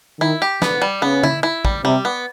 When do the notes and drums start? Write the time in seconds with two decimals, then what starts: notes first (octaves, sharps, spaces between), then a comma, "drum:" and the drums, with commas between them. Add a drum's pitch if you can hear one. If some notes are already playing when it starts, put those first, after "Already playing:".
0.20 D#3 E4
0.42 G4
0.62 D3 B3, drum: snare
0.82 G3
1.02 C#3 B3
1.23 E4, drum: tom C#3
1.43 E4
1.65 G3, drum: kick
1.85 C3 G3
2.05 B3